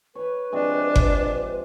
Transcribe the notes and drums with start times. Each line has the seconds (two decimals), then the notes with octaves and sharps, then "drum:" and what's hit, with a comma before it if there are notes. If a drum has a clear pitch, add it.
0.15 B4 C#5 B5
0.52 C3 F3 G#3 D4
0.96 drum: kick G1